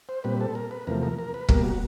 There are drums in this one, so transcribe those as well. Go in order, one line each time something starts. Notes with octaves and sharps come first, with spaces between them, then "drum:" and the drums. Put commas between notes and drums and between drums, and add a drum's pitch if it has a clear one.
C5
A#2 G3 C4 B4
A4
A#4
B4
E2 C3 F3 A3 A#4
A#4
A#4
B4
B2 G3 A#3 A#4, drum: kick
F#4